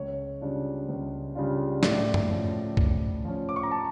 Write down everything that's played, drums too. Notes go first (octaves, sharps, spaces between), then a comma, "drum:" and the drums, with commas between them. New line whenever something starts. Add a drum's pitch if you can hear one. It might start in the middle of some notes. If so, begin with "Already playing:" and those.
Already playing: C#2 C#5
C#3 G3 D4 F4
C#2
C#3 G3 D4 F4
A2 D5, drum: snare
drum: tom F#2
F3 C#4
A2, drum: kick
F3 C#4
D6
C#6
A#5
A5